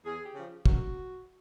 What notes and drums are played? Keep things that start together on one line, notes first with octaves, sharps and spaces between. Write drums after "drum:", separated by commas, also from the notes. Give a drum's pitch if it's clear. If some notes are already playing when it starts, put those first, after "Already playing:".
E2 G#4
G4
C#3 F3
F#2 F#4, drum: kick